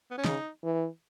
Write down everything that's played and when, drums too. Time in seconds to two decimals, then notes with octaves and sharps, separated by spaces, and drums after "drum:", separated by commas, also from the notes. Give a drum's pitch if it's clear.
0.11 B3
0.18 C#4
0.25 C#3 D#4, drum: snare
0.63 E3